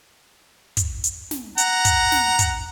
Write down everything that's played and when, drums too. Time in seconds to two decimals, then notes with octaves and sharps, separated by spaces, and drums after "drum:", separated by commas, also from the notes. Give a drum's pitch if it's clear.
0.77 drum: kick, hi-hat
1.04 drum: hi-hat
1.31 drum: snare
1.58 F#5 A#5, drum: hi-hat
1.85 drum: kick, hi-hat
2.12 drum: snare
2.39 drum: kick, hi-hat